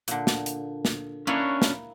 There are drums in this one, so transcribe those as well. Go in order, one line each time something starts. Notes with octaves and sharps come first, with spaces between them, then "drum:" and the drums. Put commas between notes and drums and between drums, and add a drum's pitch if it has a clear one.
A#2 D3, drum: hi-hat
drum: snare
drum: hi-hat
drum: snare
A#3 C#4 D4 E4 B4 C#5
drum: snare